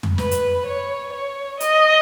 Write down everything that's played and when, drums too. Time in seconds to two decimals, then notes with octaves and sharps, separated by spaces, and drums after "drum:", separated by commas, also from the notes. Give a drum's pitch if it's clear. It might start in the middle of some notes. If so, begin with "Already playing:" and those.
0.03 drum: tom
0.18 B4, drum: snare
0.31 drum: hi-hat
0.66 C#5
1.13 C#5
1.60 D#5, drum: hi-hat